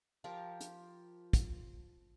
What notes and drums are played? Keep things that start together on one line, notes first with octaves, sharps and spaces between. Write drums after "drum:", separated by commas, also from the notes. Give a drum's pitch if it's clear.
F3 F4 G4 A#4
drum: hi-hat
drum: kick, hi-hat